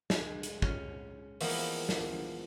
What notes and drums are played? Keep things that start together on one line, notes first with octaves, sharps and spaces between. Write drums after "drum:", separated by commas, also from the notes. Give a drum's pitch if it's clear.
G#3, drum: snare
drum: hi-hat
C#4, drum: kick
E3 F3 G#3 A#3 B3, drum: open hi-hat
drum: snare